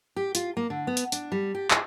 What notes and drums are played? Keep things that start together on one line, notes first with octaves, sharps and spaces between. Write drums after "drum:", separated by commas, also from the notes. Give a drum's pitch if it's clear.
G4
F4, drum: hi-hat
A#3
D3
B3
drum: hi-hat
D4, drum: hi-hat
G3
G4
G#4, drum: clap